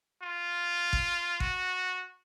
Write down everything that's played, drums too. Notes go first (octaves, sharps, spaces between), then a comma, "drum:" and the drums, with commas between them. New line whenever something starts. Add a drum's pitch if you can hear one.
F4
drum: kick G#1
F#4, drum: kick G#1